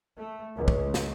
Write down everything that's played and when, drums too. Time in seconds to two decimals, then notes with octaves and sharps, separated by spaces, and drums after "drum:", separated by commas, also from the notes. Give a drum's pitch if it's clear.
0.15 A3
0.56 C#2
0.68 drum: kick
0.94 drum: snare